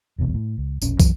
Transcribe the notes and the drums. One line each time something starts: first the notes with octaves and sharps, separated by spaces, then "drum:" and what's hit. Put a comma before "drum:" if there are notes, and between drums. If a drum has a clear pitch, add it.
F1 B1 E2 C3
A2
C#2
E1 A#1 C#4, drum: tambourine
F#2 E3 F#3, drum: kick, tambourine